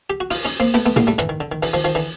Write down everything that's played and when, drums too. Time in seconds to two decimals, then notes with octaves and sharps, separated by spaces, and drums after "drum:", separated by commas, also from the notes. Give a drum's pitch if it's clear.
0.10 G4
0.20 F#4
0.31 D#4 F4, drum: open hi-hat
0.45 C#4 D#4
0.60 A#3 C4
0.74 A3 B3, drum: hi-hat
0.86 A3 B3
0.96 G#3 A#3, drum: tom
1.07 G3 A3
1.18 D3 E3, drum: rim click
1.29 D#3
1.40 D3
1.52 D#3
1.63 D3 E3, drum: open hi-hat
1.73 D#3 F3
1.84 D#3 F3
1.95 D3 E3